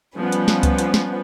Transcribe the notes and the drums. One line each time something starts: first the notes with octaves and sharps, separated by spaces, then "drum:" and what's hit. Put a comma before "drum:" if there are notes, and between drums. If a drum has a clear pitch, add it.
F3 G3 B3 C#4 B4
drum: hi-hat
drum: snare
drum: kick C#2, hi-hat
drum: hi-hat
drum: snare